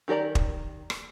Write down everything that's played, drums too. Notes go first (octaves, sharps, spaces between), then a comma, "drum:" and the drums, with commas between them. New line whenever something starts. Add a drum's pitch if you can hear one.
D#3 G4 A#4 D5 A#5
drum: kick
drum: rim click